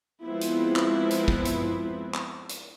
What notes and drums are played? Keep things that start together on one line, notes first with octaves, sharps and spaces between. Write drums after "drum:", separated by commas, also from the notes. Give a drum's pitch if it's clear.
F3 G#3 B3 C4 E4
drum: hi-hat
drum: clap
drum: hi-hat
drum: kick
drum: hi-hat
drum: clap
drum: hi-hat